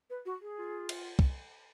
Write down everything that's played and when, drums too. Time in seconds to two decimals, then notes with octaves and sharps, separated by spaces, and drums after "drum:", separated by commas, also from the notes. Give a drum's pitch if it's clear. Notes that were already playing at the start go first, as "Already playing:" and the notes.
0.10 B4
0.26 F#4
0.42 G#4
0.58 F4
0.89 drum: cymbal
1.19 drum: kick